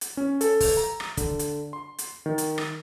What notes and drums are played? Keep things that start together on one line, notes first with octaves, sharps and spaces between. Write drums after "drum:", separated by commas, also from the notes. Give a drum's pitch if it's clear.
drum: hi-hat
C#4
A4, drum: hi-hat
drum: kick, open hi-hat
A#5
drum: rim click
D3, drum: kick, hi-hat
drum: hi-hat
C6
drum: hi-hat
D#3
drum: hi-hat
drum: rim click